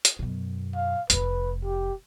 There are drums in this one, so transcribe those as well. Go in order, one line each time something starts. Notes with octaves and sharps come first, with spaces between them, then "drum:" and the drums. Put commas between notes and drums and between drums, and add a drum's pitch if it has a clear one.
drum: hi-hat
F#2 B2
F5
F1 C3 B4, drum: hi-hat
G4